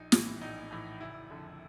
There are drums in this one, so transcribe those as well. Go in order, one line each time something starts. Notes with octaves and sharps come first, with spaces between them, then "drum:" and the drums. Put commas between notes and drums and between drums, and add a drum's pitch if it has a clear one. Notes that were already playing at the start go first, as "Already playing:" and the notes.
Already playing: A#1 D#4
A2 E3, drum: snare
A#1 D#4
A2 E3
F#1 E4
F2 D3